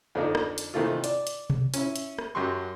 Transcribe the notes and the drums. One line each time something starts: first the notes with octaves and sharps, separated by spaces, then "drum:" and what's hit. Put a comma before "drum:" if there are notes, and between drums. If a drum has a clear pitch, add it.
F2 D3 D4 D#4
drum: rim click
drum: hi-hat
C3 D#3 E3 A3 F4
D5, drum: hi-hat
drum: hi-hat
drum: tom B2
C#4 E4, drum: hi-hat
drum: hi-hat
drum: rim click
F#2 F#3 G4 C6 C#6